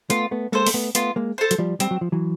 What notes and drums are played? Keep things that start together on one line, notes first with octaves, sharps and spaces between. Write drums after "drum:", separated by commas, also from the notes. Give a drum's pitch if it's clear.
A3 B3 F4, drum: hi-hat
A3 B3
G#3 A#3 A4 C5
A#3, drum: open hi-hat
A3 B3
A3 B3 F4, drum: hi-hat
G#3 A#3
A4 C5
F#3, drum: hi-hat
F3 G3
G3 C4, drum: hi-hat
F#3
F3
E3 F#3